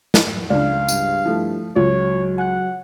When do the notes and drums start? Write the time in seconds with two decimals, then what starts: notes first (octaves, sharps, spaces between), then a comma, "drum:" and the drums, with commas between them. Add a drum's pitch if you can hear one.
0.14 A6, drum: snare
0.50 C#2 D4 D5 F5
0.88 G2, drum: tambourine
1.25 F3 A3 E4
1.76 C#2 F#3 F4 C#5
2.38 F#5 G#5 F#6